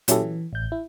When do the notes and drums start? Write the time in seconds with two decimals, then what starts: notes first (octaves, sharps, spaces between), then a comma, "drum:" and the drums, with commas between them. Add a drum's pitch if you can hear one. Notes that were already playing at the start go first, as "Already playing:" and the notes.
0.08 A#2 F#3 C#4 E4 G4 A4, drum: hi-hat
0.22 E3
0.53 A1 G6
0.72 E4